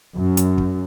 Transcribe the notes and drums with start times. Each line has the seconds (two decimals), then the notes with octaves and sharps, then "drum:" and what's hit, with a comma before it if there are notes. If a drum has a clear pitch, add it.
0.17 F#2
0.37 drum: hi-hat
0.58 drum: kick